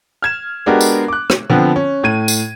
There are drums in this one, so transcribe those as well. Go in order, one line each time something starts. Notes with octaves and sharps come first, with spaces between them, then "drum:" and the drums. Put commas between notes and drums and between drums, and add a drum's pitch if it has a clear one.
F6 G#6 E7
G#3 B3 D4 F#4 G4 A#4
drum: tambourine
D6 F#6
drum: rim click
D3 F3 B3 C4
C#4
A2 G#6 D#7
drum: tambourine